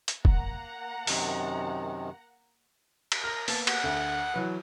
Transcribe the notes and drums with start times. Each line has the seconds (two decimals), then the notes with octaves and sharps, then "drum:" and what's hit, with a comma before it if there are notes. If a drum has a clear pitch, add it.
0.08 drum: hi-hat
0.25 A#3 F#5 A#5, drum: kick
1.07 F#2 C3 D#3, drum: open hi-hat
3.12 drum: cymbal
3.24 A#4 F6 A#6
3.48 A#3 B3 A5, drum: open hi-hat
3.67 F#5, drum: cymbal
3.84 D2
4.34 E3 F#3 B4